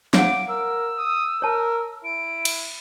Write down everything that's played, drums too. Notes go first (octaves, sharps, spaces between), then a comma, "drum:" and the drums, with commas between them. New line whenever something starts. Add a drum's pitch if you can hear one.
C#5 F5 F#5 D6 D7, drum: snare
A#4 E6
D#6
A#4 C#5 A5
E4 D7
drum: cymbal